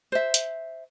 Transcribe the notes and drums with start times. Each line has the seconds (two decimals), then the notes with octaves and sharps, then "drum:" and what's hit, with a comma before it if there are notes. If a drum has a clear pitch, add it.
0.12 C5 E5
0.34 drum: hi-hat